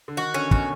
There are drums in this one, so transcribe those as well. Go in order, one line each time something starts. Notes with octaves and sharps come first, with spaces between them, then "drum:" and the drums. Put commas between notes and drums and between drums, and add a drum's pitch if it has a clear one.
D3
D#3 F#4
D3 C#4
B2 F#4, drum: kick